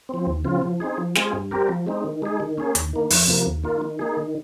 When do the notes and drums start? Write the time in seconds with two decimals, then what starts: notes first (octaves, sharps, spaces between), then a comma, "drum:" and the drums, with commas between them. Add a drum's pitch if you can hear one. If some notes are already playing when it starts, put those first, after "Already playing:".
0.09 F3 C4
0.27 D#2
0.45 C#3 F3 C4 F4
0.62 F3
0.80 C4 D#4 G#4
0.98 F3
1.16 G#3 C4 F4 G#4, drum: snare
1.33 G2
1.51 G3 C4 G4 A#4
1.68 F3
1.87 G#3 C4 D#4
2.05 D#3
2.22 G#3 D#4 G#4
2.40 D#3
2.58 A#3 C#4 G#4
2.75 D#2, drum: hi-hat
2.93 D#3 A#3
3.10 F2, drum: open hi-hat
3.28 C3 F3 A#3
3.46 D#2
3.63 D#3 A#3 F4
3.82 D#3
3.99 A#3 D#4 G#4
4.17 D#3